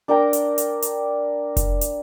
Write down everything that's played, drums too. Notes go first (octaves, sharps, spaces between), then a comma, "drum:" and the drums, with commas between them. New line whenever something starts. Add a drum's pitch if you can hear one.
D4 A#4 G5 A#5
drum: hi-hat
drum: hi-hat
drum: hi-hat
drum: kick F1, hi-hat
drum: hi-hat